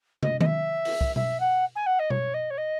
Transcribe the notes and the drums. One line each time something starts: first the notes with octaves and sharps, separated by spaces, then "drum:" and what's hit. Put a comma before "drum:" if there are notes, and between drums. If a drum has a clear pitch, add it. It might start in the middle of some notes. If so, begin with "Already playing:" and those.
D#5, drum: tom
D#5, drum: tom D#3
E5
drum: open hi-hat
drum: kick
E5, drum: tom B2
F#5
G#5
F#5
D#5
C#5, drum: tom B2
D#5
C#5
D#5